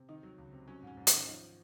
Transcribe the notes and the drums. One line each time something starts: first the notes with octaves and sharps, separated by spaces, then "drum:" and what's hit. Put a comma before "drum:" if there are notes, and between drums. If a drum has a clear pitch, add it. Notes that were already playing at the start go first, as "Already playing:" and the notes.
Already playing: C3
D#3 D#4
F#3
C#2
C3
F#3 C#4
G#2 C#4
G#2
D#3 C#4, drum: hi-hat
F3 D#4